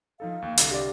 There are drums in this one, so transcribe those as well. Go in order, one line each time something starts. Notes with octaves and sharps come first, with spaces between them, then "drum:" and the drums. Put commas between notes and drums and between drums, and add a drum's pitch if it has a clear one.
F3 D#4 A4 F5
D#2
C2 D3, drum: hi-hat
G4 D5